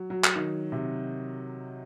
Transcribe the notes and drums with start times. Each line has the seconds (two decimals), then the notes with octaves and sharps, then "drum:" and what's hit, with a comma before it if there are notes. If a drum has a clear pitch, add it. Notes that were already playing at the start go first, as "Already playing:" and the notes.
Already playing: F#3
0.10 F#3
0.24 drum: clap
0.36 D#3
0.72 C3